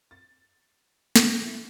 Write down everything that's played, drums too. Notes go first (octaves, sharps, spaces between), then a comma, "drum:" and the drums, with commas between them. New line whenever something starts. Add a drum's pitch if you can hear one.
A6
drum: snare
E4